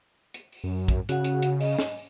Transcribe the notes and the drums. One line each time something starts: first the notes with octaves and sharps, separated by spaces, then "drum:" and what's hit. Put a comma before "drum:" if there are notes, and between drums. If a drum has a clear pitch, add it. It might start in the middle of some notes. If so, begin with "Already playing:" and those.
drum: hi-hat
drum: open hi-hat
F#2
drum: kick, hi-hat
C#3 F#4 F#5, drum: hi-hat
drum: hi-hat
drum: hi-hat
D#5, drum: open hi-hat
drum: snare